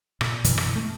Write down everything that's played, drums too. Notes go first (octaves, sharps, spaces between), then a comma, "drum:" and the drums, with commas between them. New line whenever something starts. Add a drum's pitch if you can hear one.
A#2, drum: rim click
F#2 B2 D3 E3, drum: hi-hat
drum: rim click
G#3 A3